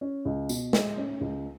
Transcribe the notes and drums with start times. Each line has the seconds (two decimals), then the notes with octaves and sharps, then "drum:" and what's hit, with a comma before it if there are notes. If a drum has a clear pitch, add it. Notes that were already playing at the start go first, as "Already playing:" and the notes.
0.01 C#4
0.25 C#2
0.49 B2, drum: tambourine
0.73 G#3, drum: snare
0.97 C#4
1.21 C#2